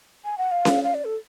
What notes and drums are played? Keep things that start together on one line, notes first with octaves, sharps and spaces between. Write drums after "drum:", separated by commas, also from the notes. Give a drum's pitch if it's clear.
G#5
F#5
F5
drum: snare C#4
F5
D5
A4